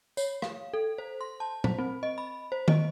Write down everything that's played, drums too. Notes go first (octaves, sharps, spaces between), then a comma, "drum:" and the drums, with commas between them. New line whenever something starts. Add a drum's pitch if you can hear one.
C#5, drum: tambourine
F5, drum: rim click
A4
C5
C6
A5
C5, drum: tom
C4
D#5
B5
C5
D#5, drum: tom